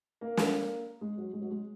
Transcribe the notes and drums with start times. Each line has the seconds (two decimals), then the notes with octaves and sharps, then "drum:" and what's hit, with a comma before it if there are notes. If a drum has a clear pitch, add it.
0.21 A#3
0.37 drum: snare
1.01 G#3
1.18 F#3
1.33 G#3
1.42 F#3
1.51 G#3